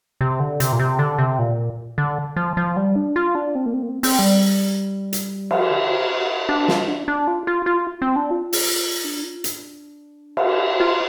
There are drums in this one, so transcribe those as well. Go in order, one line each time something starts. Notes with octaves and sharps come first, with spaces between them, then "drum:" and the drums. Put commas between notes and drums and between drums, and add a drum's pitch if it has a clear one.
C3
D3
C3, drum: hi-hat
A#2
C3
D3
C3
A#2
D3
F3
F3
G3
D4
F4
D4
C4
A#3
C4
A#3
C4
C4, drum: open hi-hat
G3
drum: hi-hat
F3, drum: cymbal
D3
F4
D4
F4
D4
F4, drum: snare
D4
D4
F4
F4
F4
C4
D4
F4
drum: open hi-hat
D4
F4
D4, drum: hi-hat
drum: cymbal
F4